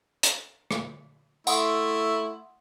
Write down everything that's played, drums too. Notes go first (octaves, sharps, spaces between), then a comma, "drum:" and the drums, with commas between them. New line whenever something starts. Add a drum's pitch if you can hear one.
drum: hi-hat
drum: rim click
A3 E4 F#5 C6 D#6, drum: tambourine